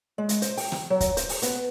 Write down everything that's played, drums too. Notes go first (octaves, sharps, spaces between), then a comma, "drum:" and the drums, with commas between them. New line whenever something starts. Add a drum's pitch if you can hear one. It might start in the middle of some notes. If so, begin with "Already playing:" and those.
G#3
drum: hi-hat
C5, drum: hi-hat
G5, drum: open hi-hat
drum: rim click
F#3
drum: kick, hi-hat
C5, drum: hi-hat
drum: open hi-hat
B3, drum: hi-hat